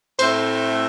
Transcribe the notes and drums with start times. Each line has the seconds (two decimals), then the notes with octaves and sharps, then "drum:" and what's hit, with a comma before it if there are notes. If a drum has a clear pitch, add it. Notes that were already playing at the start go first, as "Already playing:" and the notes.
0.19 A2 A3 C4 C5, drum: cymbal